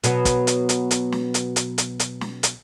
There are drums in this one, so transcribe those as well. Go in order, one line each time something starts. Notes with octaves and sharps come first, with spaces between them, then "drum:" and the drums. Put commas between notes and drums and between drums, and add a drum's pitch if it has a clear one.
B2 F#3 B3, drum: hi-hat
drum: kick, hi-hat
drum: hi-hat
drum: hi-hat
drum: hi-hat
drum: snare
drum: hi-hat
drum: hi-hat
drum: hi-hat
drum: hi-hat
drum: snare
drum: hi-hat